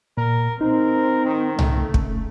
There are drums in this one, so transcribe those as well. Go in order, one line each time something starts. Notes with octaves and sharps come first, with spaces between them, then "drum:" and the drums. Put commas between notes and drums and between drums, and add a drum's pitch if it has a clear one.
A#2 A#4
C4 D#4 A#4
D#3
C#3 A3, drum: tom C2
drum: kick